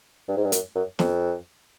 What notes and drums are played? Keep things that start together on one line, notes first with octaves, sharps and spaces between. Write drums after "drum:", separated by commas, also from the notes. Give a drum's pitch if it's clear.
G2
G#2
G2
F#2, drum: hi-hat
F#2
F2, drum: snare